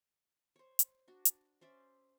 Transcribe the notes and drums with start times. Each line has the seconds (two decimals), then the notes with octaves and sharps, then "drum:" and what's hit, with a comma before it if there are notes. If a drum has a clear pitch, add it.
0.56 C5 C#5
0.79 drum: hi-hat
1.08 D4 F#4
1.25 drum: hi-hat
1.61 C#4 C5 D5 E5